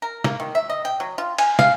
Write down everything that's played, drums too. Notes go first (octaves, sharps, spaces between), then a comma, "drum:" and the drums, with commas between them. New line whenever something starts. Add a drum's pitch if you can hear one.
A#4
A#3, drum: snare
D#3
E5
D#5
G5
F#3
F4
G#5, drum: cymbal
F5, drum: snare